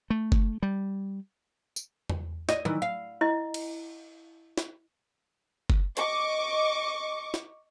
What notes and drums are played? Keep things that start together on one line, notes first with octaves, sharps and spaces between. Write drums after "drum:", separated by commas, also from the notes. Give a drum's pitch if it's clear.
A3
drum: kick F#1
G3
drum: tambourine
drum: tom E2
D5 D#5, drum: snare
D#3 E3, drum: tom F#3
F5
E4 D#5
drum: cymbal
drum: snare
drum: kick F#1
D#5 C#6 D6, drum: hi-hat
drum: snare